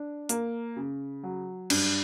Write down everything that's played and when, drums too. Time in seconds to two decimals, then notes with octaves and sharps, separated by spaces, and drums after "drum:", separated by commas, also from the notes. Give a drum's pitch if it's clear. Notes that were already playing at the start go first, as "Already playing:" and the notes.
Already playing: D4
0.29 A#3, drum: hi-hat
0.76 C#3
1.23 F#3
1.70 G2, drum: cymbal